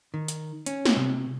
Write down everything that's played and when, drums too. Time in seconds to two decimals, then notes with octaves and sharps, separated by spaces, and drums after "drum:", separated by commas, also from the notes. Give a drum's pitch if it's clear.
0.14 D#3
0.28 drum: hi-hat
0.66 C#4, drum: hi-hat
0.85 drum: snare
0.96 C3